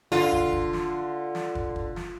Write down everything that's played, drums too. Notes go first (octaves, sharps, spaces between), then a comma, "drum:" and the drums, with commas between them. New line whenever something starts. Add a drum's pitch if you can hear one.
D3 F4, drum: snare
drum: kick
drum: kick
drum: snare
drum: snare
drum: kick
drum: kick
drum: snare